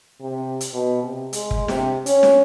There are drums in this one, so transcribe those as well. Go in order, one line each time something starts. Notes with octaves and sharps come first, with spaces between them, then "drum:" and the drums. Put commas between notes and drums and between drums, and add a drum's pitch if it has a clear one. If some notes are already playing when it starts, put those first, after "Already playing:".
C3
drum: hi-hat
B2
C3
G#3, drum: hi-hat
drum: kick
C3, drum: snare
C#4, drum: hi-hat
drum: snare